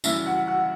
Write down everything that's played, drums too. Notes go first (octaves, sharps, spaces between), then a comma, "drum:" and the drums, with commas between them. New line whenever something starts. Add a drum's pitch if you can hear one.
F#2 C#3 E3 G3 E4 E5, drum: tambourine
F#4 F#5
F#4 F#5